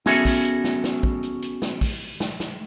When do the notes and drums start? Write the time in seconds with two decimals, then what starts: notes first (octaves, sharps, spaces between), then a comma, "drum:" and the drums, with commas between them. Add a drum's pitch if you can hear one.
0.06 B3 C#4 F#4 G#4 A4 E5, drum: snare
0.25 drum: kick, open hi-hat
0.45 drum: hi-hat
0.64 drum: snare
0.84 drum: snare
1.03 drum: kick
1.23 drum: hi-hat
1.42 drum: hi-hat
1.62 drum: snare
1.81 drum: kick, open hi-hat
2.20 drum: snare
2.40 drum: snare